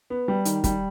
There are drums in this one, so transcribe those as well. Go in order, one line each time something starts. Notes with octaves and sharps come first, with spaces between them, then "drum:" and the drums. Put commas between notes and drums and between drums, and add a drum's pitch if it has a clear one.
B3
G3
D#3, drum: hi-hat
G3, drum: kick, hi-hat